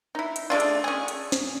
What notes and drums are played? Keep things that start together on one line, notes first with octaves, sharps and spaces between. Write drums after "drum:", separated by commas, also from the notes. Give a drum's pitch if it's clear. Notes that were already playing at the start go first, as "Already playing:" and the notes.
D#4 E4
drum: hi-hat
G#3 A3 D4 F4
drum: hi-hat
C#4 G#4
drum: hi-hat
drum: snare